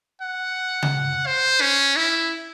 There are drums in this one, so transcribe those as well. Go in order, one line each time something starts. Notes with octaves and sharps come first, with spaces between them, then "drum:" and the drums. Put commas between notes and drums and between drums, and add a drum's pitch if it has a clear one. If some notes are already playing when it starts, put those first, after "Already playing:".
F#5
drum: tom C#3
C5
C#4
E4